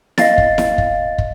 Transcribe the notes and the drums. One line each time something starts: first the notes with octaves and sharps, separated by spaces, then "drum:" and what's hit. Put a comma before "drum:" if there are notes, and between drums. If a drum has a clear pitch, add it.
D#5 F5 A6, drum: snare E4
drum: kick
drum: snare E4
drum: kick
drum: kick